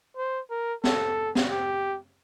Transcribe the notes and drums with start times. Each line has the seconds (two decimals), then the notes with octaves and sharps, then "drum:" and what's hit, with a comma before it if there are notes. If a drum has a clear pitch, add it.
0.17 C5
0.50 A#4
0.84 A4, drum: snare
1.35 drum: snare
1.51 G4